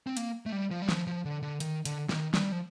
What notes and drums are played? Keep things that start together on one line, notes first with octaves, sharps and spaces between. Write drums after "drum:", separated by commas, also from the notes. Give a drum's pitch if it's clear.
C4
A#3, drum: hi-hat
A3
G3
F3
G3
F3, drum: snare
F3
D3
D3
D#3, drum: hi-hat
D3, drum: hi-hat
D#3, drum: snare
G3, drum: snare
F3